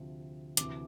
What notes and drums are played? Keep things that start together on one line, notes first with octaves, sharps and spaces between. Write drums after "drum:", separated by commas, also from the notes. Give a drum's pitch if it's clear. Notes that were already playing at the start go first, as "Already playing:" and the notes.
Already playing: D2 C3 F3
D2 C3 E3 D6, drum: hi-hat